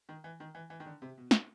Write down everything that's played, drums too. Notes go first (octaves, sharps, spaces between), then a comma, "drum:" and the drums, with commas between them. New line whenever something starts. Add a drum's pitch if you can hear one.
D#3
E3
D#3
E3
E3
D#3
D3
C3
B2
drum: snare